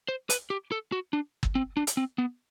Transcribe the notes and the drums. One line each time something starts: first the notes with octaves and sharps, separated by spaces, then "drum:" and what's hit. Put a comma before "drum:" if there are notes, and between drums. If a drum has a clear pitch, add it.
C5
B4, drum: hi-hat
G4
A4
F#4
D4
drum: kick G1
C4
D4
drum: hi-hat
C4
B3